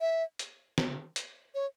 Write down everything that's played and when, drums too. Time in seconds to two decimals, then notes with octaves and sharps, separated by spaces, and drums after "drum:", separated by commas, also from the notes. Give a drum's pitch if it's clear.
0.01 E5
0.39 drum: hi-hat
0.78 drum: snare
1.16 drum: hi-hat
1.55 C#5